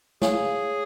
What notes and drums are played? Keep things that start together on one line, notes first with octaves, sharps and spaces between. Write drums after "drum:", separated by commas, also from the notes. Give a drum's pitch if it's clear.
G#4 C#5 F5 G#5, drum: snare